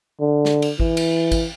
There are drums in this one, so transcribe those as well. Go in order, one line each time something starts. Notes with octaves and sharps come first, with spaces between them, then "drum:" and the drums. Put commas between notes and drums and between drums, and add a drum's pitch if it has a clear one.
D3
drum: snare
drum: cymbal
E3, drum: kick G#1
drum: cymbal
drum: kick G#1, cymbal